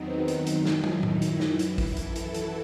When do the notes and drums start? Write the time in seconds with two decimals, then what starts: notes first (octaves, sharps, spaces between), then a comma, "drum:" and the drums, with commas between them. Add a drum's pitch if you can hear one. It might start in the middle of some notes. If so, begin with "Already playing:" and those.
Already playing: E2 D#3 F#3 B3 C4 D#4
0.28 F#2 D#3 F#3, drum: hi-hat
0.47 drum: hi-hat
0.65 drum: snare
0.84 E4, drum: tom
1.03 drum: tom A2
1.22 drum: hi-hat
1.40 F#2 E3, drum: snare
1.59 drum: hi-hat
1.78 drum: kick A1, open hi-hat
1.97 A4, drum: hi-hat
2.16 drum: hi-hat
2.25 F#4
2.34 drum: hi-hat